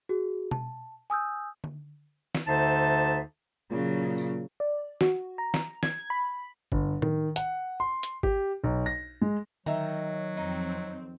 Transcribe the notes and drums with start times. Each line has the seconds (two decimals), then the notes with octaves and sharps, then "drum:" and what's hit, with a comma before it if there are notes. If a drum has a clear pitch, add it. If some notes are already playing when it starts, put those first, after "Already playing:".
0.09 F#4 G#4
0.51 A5, drum: tom B2
1.10 G#5 D#6 E6 G6
1.64 drum: tom D3
2.35 drum: snare
2.47 D2 D3 D#4 C5 E5 A5
3.71 A#2 C#3 F#3
4.18 drum: tambourine
4.60 D5
5.01 F#4, drum: snare
5.38 A#5
5.54 drum: snare
5.83 G#6, drum: snare
6.10 B5
6.72 G1, drum: kick G#1
7.02 D#3, drum: tom A2
7.36 F#5, drum: hi-hat
7.80 C6
8.03 drum: hi-hat
8.23 G4, drum: kick G#1
8.64 B1
8.86 A#6
9.22 G#3
9.66 D#3 F#3 C#5 E5 A#5, drum: tom D3
10.37 F2 C4 D#4